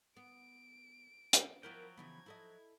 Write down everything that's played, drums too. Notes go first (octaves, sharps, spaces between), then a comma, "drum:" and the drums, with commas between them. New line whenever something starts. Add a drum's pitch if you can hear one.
B3 D7
drum: hi-hat
F3 F#3 B3 E4 A#4 G5
C#3 E3 B3 G#6
E4 A4 D#5